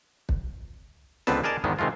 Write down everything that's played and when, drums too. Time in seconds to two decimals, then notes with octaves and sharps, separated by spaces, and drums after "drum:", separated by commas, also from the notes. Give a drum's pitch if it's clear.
0.29 drum: kick
1.27 C#2 D3 B3 C4 B4 A5, drum: snare
1.44 G#4 A#4 D5 D#5 A5 A#5
1.64 E2 G#2 D#3 G#3 B3 D4
1.79 C3 D#3 G#3 A3 F4